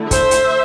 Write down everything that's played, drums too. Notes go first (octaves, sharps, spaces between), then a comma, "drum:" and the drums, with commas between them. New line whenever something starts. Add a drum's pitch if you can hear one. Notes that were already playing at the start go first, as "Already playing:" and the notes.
Already playing: D3 A3 E4
C5 E5, drum: kick, hi-hat
drum: hi-hat